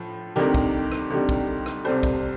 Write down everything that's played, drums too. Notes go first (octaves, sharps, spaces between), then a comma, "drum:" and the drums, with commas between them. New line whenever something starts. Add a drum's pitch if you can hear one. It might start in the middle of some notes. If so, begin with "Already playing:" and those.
Already playing: A2 F3
D2 C3 D#3 G3 G4 A#4
drum: kick, tambourine
drum: rim click
D2 C3 D#3 G3
drum: kick, tambourine
drum: rim click
C2 C3 G3 A4 C5
drum: kick, tambourine